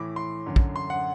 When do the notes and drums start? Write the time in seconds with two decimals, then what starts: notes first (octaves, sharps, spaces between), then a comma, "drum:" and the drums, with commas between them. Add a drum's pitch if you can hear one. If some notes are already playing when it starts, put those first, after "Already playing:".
Already playing: A2 E3 D6
0.16 C6
0.46 F#2 D3
0.56 drum: kick
0.76 C6
0.90 F#5